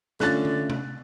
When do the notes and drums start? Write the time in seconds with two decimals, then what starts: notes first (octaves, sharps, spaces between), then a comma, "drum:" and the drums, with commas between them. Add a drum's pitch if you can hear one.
0.20 D3 A3 C#4 F4 F#6 A6, drum: snare
0.45 drum: tom D3
0.70 drum: tom